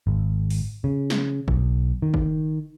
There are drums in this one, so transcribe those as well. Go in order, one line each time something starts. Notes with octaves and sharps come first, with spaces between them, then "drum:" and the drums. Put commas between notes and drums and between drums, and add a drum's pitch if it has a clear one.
G#1
drum: open hi-hat
C#3
drum: snare
B1, drum: kick F#1
D#3
drum: kick F#1